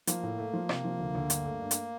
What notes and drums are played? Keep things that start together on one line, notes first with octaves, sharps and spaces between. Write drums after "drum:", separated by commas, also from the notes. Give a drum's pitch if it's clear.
F3 A#3, drum: hi-hat
A2
A3
F3
C3, drum: rim click
F3
D2
D2
G2, drum: hi-hat
A3
G2
drum: hi-hat